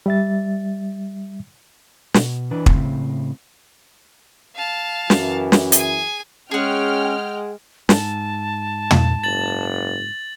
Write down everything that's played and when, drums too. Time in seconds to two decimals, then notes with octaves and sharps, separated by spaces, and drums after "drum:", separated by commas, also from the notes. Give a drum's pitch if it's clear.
0.06 G3 E5 A6
2.14 B2, drum: snare
2.51 E3 D4 B4
2.66 A2 C#3 G3 C4, drum: kick
4.55 F5 A5
5.10 F#2 E3, drum: snare
5.52 drum: snare
5.72 G#4 G#5, drum: hi-hat
6.51 G#3 C#4 G#4 F#5 G5 F6
7.89 G#2 A5, drum: snare
8.91 drum: tom
9.24 F#1 A6 F#7